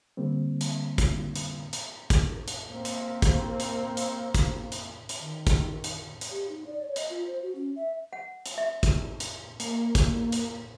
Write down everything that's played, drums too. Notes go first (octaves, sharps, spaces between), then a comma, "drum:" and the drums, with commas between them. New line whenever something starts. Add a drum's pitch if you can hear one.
D3 G3 A#3 C4
drum: hi-hat
drum: kick, hi-hat
drum: hi-hat
drum: hi-hat
drum: kick, hi-hat
drum: hi-hat
A#3 C4
drum: hi-hat
drum: kick, hi-hat
drum: hi-hat
drum: hi-hat
drum: kick, hi-hat
drum: hi-hat
drum: hi-hat
D#3
drum: kick, hi-hat
drum: hi-hat
drum: hi-hat
G4
D#4
D5
C#5
D#5, drum: hi-hat
F4
C5
F#4
C#4
E5
F#5
drum: hi-hat
E5
drum: kick, hi-hat
drum: hi-hat
A#3, drum: hi-hat
drum: kick, hi-hat
drum: hi-hat